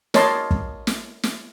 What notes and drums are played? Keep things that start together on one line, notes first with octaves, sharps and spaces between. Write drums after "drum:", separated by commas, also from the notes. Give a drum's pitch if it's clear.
A#4 C#5 D#5 A5 C6, drum: snare
drum: kick
drum: snare
drum: snare